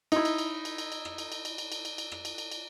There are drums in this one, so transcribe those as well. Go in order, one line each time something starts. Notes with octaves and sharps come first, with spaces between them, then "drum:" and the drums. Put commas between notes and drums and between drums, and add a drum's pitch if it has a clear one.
D#4 E4, drum: cymbal
drum: cymbal
drum: cymbal
drum: cymbal
drum: cymbal
drum: cymbal
drum: rim click
drum: cymbal
drum: cymbal
drum: cymbal
drum: cymbal
drum: cymbal
drum: cymbal
drum: cymbal
drum: rim click
drum: cymbal
drum: cymbal
drum: cymbal